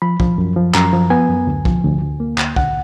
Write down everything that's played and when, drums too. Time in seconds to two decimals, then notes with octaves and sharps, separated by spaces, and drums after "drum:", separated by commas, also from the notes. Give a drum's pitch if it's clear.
0.02 F3 B5
0.20 F3, drum: kick
0.38 F#2
0.56 F3
0.74 F#2 A#5, drum: clap
0.93 F3
1.10 B3 G#5
1.29 F#2
1.47 D2
1.65 F3, drum: kick
1.84 D2
2.01 D2
2.20 A#3
2.38 D2, drum: clap
2.56 D2 F#5, drum: kick